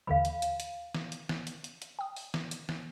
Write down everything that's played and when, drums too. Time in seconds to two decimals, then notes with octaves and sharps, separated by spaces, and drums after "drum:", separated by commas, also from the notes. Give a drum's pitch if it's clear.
0.07 D#2 D3 E3 F5 B5
0.25 drum: hi-hat
0.42 drum: hi-hat
0.60 drum: hi-hat
0.95 drum: snare
1.12 drum: hi-hat
1.29 drum: snare
1.47 drum: hi-hat
1.64 drum: hi-hat
1.82 drum: hi-hat
1.99 G5 D#6
2.16 drum: open hi-hat
2.34 drum: snare
2.51 drum: hi-hat
2.69 drum: snare